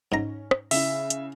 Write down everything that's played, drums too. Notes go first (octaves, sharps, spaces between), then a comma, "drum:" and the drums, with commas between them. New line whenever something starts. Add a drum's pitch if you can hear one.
G#2 C#4 A#5
drum: rim click
C#3 E4 E5, drum: open hi-hat
drum: hi-hat